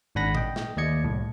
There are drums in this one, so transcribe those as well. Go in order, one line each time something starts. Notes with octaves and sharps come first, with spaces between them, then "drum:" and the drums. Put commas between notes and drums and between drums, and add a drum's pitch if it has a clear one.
G#1 G#2 D4 F#5 B5 A#6
D#5 G5, drum: tom A#2
drum: snare
D#2 A3 D5 D#5 G#6 C#7
C2 A2